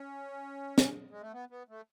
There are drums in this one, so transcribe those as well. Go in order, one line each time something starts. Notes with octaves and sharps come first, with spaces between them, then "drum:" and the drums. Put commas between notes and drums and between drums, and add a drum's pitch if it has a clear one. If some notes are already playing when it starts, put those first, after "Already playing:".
Already playing: C#4
drum: snare
G#3
A3
B3
B3
A3